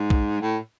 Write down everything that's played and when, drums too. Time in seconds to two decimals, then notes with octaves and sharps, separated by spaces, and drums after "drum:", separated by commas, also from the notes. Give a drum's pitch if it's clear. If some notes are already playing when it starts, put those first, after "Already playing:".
Already playing: G#2
0.10 drum: kick
0.41 A2